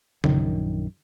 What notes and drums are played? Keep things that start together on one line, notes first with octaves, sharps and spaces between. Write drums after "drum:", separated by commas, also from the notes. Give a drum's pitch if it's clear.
A#1 F#2 D#3, drum: tom C#3